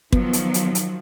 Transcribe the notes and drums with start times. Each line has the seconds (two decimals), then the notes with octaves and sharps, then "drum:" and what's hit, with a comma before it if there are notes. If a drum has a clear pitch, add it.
0.12 D#3 F3 F#3 B3, drum: kick
0.33 drum: hi-hat
0.54 drum: hi-hat
0.75 drum: hi-hat